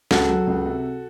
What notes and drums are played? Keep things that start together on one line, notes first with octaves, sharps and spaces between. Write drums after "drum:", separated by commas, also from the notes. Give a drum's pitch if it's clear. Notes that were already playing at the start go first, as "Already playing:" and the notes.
C#2 F#4 A4, drum: snare
F#3
C#2
C3